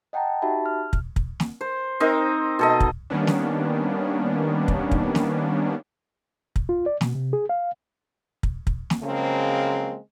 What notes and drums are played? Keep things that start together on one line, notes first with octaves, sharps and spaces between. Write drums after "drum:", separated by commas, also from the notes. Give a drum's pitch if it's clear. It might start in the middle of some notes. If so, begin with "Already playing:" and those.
D#5 F#5 G5 A5 A#5
D#4 F#4 G4 E5 A5 B5
F6
drum: kick
drum: kick
drum: snare
C5
C4 D#4 A#4 D#5
B2 A4 D#5
drum: kick
D#3 G3 A#3 B3 C#4 D4
drum: snare
drum: kick
drum: kick
drum: snare
drum: kick
F4
D5
B2, drum: snare
C3
G#4
F5
drum: kick
drum: kick
drum: snare
C#3 F3 F#3 G#3 A#3 C4